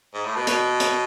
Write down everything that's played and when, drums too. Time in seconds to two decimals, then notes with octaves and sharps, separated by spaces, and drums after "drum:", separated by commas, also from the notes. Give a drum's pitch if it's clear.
0.14 G#2
0.26 A2
0.36 B2
0.47 B2, drum: hi-hat
0.80 drum: hi-hat